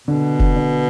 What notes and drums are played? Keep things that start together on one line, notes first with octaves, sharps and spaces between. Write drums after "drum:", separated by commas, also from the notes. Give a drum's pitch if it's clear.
B2 D3
drum: kick F1
D3